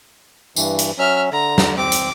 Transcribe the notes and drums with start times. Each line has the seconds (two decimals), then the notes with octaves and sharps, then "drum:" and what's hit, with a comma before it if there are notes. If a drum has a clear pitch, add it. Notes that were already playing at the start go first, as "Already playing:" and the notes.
0.56 G2 E3, drum: tambourine
0.79 drum: hi-hat
0.98 F#3 C#4 E5 F6
1.32 D3 A#5
1.58 drum: snare
1.77 C4 D6
1.92 drum: hi-hat